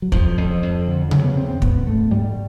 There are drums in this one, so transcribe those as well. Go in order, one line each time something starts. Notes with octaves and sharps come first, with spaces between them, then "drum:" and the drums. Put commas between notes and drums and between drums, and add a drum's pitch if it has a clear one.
F#3
F2 F3, drum: kick
F2
F2
D3
C#3 F#3, drum: tom C3
B3
E2 C4
C4
G#2 B3, drum: kick
G#2 A3
G#2 G3